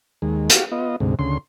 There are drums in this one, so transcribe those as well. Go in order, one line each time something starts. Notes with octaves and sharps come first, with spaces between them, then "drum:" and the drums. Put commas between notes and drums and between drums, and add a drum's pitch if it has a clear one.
D#2 G#3
F#4 G4 F5, drum: hi-hat
B3 F4 D#5
D2 G#2 C3
D2 C#3 C6